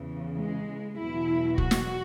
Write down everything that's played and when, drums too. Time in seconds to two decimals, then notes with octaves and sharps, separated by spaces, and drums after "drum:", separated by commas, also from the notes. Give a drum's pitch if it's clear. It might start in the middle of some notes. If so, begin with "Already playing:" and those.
Already playing: E2 C#3 E3
0.37 G#3
0.97 E2 B2 F#3 E4
1.58 F#4, drum: kick
1.71 drum: snare